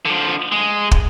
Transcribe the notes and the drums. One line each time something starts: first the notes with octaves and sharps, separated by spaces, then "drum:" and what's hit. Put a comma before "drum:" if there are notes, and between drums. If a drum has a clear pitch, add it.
D3 F3
G#3
drum: kick